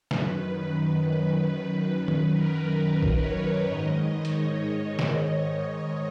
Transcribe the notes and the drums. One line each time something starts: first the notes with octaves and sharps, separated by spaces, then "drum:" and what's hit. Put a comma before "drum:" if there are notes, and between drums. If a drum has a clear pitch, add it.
F#2 D#3 B4, drum: snare
B4
drum: tom
A#4
B4
drum: kick A#1
C#5
G#2 D#3 D#5
D#5
C#5, drum: hi-hat
D#5
D#5, drum: snare